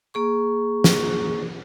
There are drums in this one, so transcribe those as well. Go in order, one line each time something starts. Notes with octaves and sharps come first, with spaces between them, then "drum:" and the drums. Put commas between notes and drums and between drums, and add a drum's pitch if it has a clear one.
A#3 G#4 C#6
drum: snare